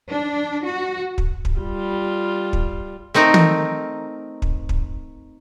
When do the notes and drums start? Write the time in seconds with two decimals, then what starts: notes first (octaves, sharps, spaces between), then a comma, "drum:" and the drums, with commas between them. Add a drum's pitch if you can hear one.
0.11 D4
0.64 F#4
1.18 drum: kick
1.45 drum: kick
1.58 G3 F4
2.53 drum: kick
3.14 A3 C4 D#4 A#4
3.34 drum: tom
4.42 drum: kick
4.69 drum: kick